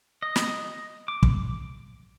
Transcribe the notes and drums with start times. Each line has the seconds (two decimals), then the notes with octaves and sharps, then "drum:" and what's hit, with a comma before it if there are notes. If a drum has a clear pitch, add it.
0.22 D#5
0.36 drum: snare
1.08 D6
1.23 drum: kick